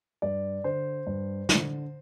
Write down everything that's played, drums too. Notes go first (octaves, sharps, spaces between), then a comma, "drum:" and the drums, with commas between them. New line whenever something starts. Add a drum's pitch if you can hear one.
G2 D5
D3 C5
G2
D3, drum: snare